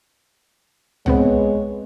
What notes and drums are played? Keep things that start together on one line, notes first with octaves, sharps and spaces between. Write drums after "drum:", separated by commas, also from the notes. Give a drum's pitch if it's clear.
G#3 B3 C4 B4 C#5 F#5, drum: tom C2